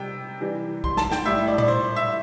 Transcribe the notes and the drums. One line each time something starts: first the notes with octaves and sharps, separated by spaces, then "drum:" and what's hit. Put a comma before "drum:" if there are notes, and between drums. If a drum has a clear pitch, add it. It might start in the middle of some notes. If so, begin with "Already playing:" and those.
Already playing: C3 G3 G5
C3 E3 G3
C6, drum: kick B1
A5, drum: snare
G5, drum: snare
A2 G3 E5
D5
D5, drum: tom A#2
C5
E5